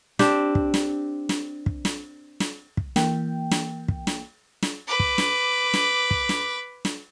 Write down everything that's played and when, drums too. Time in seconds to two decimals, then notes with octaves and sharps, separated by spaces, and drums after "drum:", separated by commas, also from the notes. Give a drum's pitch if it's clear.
0.19 C4 D4 G4, drum: snare
0.55 drum: kick
0.74 drum: snare
1.29 drum: snare
1.66 drum: kick
1.85 drum: snare
2.40 drum: snare
2.77 drum: kick
2.96 E3 A#3 G5, drum: snare
3.51 drum: snare
3.88 drum: kick
4.07 drum: snare
4.62 drum: snare
4.88 B4 D6
5.00 drum: kick
5.18 drum: snare
5.74 drum: snare
6.11 drum: kick
6.29 drum: snare
6.85 drum: snare